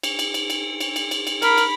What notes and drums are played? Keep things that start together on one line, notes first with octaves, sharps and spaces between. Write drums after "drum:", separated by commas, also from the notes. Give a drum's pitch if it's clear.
drum: cymbal
drum: cymbal
drum: cymbal
drum: cymbal
drum: cymbal
drum: cymbal
drum: cymbal
drum: cymbal
A#4 B5, drum: cymbal
drum: cymbal